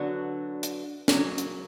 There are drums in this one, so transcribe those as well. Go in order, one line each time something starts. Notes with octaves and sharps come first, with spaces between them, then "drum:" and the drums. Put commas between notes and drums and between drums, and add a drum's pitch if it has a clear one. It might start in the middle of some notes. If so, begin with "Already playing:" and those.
Already playing: D3 F#3 B3 D4 F#4
drum: hi-hat
C#3 F#3 A#3, drum: snare
drum: hi-hat